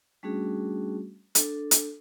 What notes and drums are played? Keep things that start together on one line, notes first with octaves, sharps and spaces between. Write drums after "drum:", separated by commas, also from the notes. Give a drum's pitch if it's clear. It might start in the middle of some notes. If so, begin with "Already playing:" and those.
G3 A3 C#4 D4 F#4 G#4
D4 A4, drum: hi-hat
drum: hi-hat